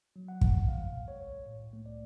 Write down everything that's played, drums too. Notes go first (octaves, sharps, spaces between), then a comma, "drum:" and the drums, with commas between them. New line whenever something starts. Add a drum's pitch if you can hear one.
F#3
F#5
A#2, drum: kick
G#3 F5
C2
C#5
C2
A2
A3
D5